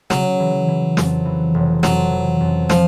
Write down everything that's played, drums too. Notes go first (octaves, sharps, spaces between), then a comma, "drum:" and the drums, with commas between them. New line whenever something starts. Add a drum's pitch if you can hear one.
C#3 F#3, drum: snare
E3
E3
F2, drum: snare
E3
F1
F2 F#3, drum: snare
E3
F2
F3, drum: snare